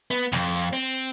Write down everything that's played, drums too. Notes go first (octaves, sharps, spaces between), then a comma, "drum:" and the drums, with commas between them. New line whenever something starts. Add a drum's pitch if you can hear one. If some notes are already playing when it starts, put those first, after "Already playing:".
B3
F2, drum: snare
drum: hi-hat
C4